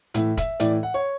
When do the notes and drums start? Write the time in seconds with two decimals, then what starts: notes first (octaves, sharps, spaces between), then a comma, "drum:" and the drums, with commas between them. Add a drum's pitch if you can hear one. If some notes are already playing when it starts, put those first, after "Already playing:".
0.14 A2 E3 E5, drum: hi-hat
0.37 E5, drum: kick, hi-hat
0.60 A2 E3 D5, drum: hi-hat
0.83 F#5
0.94 C#5